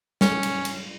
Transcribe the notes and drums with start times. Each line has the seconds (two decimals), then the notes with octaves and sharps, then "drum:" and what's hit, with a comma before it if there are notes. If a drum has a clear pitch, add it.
0.21 C#4, drum: snare
0.43 drum: cymbal
0.65 drum: cymbal